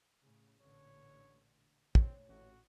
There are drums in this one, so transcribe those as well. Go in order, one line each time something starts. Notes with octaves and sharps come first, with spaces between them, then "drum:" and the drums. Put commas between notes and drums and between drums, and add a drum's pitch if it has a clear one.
A2 C#3
A1 A#2 D3 C#5
D2 A#2 C4 C#5, drum: kick
A1 F#4